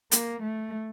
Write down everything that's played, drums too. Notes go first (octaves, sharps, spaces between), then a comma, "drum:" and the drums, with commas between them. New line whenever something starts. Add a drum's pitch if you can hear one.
A#3, drum: hi-hat
A3